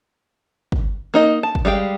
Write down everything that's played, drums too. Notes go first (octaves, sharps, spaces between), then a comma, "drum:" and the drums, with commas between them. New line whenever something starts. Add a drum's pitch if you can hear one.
drum: kick
A#3 D#4 D#5
A5
drum: kick
G3 G#3 F5 G5